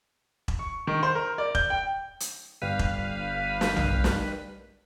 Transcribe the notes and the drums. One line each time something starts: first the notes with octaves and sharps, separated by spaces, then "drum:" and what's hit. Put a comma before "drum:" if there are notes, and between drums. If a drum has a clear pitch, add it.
drum: kick E1
C#6
D#3
C5
A#4
D5
G6, drum: kick E1
G5
drum: hi-hat
G1 G3 B4 F5
drum: kick E1
drum: snare
drum: tom B1
drum: snare